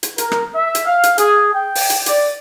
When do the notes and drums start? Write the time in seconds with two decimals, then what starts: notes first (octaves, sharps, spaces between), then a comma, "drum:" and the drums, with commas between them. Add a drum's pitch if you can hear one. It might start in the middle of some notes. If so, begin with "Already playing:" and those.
0.03 drum: hi-hat
0.18 A#4, drum: hi-hat
0.32 drum: rim click
0.54 E5
0.75 drum: hi-hat
0.85 F5
1.03 drum: hi-hat
1.18 G#4, drum: hi-hat
1.53 G5
1.75 drum: open hi-hat
1.90 drum: hi-hat
2.06 D5, drum: hi-hat